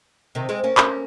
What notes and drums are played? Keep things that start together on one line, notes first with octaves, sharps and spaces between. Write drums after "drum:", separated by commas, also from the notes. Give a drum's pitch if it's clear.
C3 D#3
G#3 C4
A#3 C#4
A#3 C#4, drum: clap